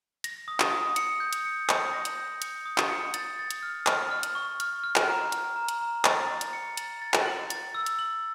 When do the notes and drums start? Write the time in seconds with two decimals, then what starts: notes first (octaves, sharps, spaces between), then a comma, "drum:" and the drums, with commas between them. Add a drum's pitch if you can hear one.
0.24 A#6, drum: hi-hat
0.48 D#6
0.60 drum: clap
0.72 D#6
0.96 C#7, drum: hi-hat
1.20 G6
1.33 drum: hi-hat
1.45 C#7
1.69 D#6, drum: clap
1.94 A#6
2.05 drum: hi-hat
2.17 G6
2.42 C#7, drum: hi-hat
2.65 D#6
2.78 drum: clap
2.90 C#7
3.14 A6, drum: hi-hat
3.39 A6
3.51 drum: hi-hat
3.63 F6
3.87 F6, drum: clap
4.11 F6
4.23 drum: hi-hat
4.35 C#6
4.60 F6, drum: hi-hat
4.84 F6
4.96 drum: clap
5.08 A#5
5.32 F6, drum: hi-hat
5.56 A#5
5.68 drum: hi-hat
5.81 A#5
6.05 A6, drum: clap
6.30 A6
6.41 drum: hi-hat
6.53 C#7
6.77 A6, drum: hi-hat
7.02 A6
7.14 drum: clap
7.26 F#7
7.50 A6, drum: hi-hat
7.75 E6
7.86 drum: hi-hat
7.99 F#7